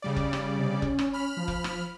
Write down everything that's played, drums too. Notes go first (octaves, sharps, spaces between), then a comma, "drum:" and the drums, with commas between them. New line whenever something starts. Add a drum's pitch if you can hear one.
C#3 G3 D5
drum: kick F1
drum: rim click
C3
C#4, drum: kick F1
drum: rim click
B5 F6
F3
drum: kick F1
drum: rim click